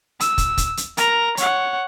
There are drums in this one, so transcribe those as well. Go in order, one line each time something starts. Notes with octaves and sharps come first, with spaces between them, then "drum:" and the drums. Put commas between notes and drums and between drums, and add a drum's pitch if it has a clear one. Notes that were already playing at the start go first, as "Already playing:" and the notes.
E6, drum: hi-hat
drum: kick, hi-hat
drum: kick, hi-hat
drum: hi-hat
A#4 A#5, drum: hi-hat
C#5 F#5, drum: hi-hat